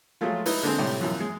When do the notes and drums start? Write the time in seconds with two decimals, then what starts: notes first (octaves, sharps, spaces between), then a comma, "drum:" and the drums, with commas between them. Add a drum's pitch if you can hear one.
0.21 F3 F#3 G#3 A3 F4
0.46 D#4 E4 B4, drum: open hi-hat
0.63 D3 G#3 C4
0.78 A2 C3 G3
0.99 F#2 B2 E3 F3
1.20 G#3